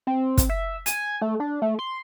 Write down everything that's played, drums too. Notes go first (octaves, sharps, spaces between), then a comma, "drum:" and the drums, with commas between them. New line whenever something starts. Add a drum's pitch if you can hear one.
C4
drum: kick, hi-hat
E5
G#5, drum: hi-hat
A3
D4
A3
C6